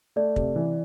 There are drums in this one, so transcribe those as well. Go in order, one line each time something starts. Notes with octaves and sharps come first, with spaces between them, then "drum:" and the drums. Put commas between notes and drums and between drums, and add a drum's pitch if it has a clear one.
A3 D5
C3, drum: kick
E3